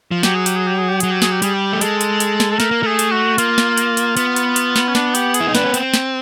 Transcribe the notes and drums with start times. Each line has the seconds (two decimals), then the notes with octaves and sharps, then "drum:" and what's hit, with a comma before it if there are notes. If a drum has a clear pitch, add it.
0.11 F3
0.23 F#3 G4, drum: snare
0.35 G#4
0.46 G4, drum: hi-hat
0.56 G#4
0.67 G4
0.78 G#4
0.89 G4
1.00 F#3 G#4, drum: hi-hat
1.11 G4
1.22 G#4, drum: snare
1.32 G4
1.42 G3 G#4, drum: hi-hat
1.54 G4
1.72 A3
1.81 G#3 A4, drum: hi-hat
2.01 drum: hi-hat
2.20 drum: hi-hat
2.40 drum: snare
2.51 A4
2.60 A3 A#4, drum: snare
2.71 A#3
2.83 A3 G#4
2.99 drum: hi-hat
3.11 F#4
3.38 A#3 F4, drum: hi-hat
3.58 drum: snare
3.77 drum: hi-hat
3.97 drum: hi-hat
4.17 B3, drum: hi-hat
4.36 drum: hi-hat
4.56 drum: hi-hat
4.76 drum: snare
4.88 C#4
4.95 D4, drum: snare
5.15 G4, drum: hi-hat
5.34 G#4, drum: hi-hat
5.40 E4
5.48 D#4
5.55 D4 B4, drum: snare
5.65 C#4
5.74 C4, drum: hi-hat
5.94 drum: snare